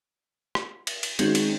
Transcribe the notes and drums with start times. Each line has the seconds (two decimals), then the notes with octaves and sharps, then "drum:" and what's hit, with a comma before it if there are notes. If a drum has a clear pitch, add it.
0.55 drum: rim click
0.87 drum: cymbal
1.03 drum: cymbal
1.19 D#3 G#3 C4 C#4 D#4 F#4, drum: cymbal
1.35 drum: cymbal